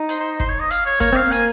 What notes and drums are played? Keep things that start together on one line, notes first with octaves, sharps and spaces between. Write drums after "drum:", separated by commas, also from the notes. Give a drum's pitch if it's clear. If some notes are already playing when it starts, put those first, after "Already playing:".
Already playing: D#4
C5, drum: hi-hat
C5
C5, drum: kick
C#5
D#5
F5, drum: hi-hat
C#5
A#3 C#5, drum: kick, hi-hat
C4 F5
A#3
G#5, drum: hi-hat